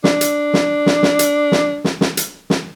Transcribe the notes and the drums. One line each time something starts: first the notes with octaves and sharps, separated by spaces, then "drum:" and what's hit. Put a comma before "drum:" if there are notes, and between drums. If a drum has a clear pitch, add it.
D4, drum: snare
drum: hi-hat
drum: snare
drum: snare
drum: snare
drum: hi-hat
drum: snare
drum: snare
drum: snare
drum: hi-hat
drum: snare